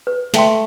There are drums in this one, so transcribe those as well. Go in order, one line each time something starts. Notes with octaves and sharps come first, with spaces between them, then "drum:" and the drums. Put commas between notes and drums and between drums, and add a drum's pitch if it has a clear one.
B4
A3 E5 G5 C6, drum: snare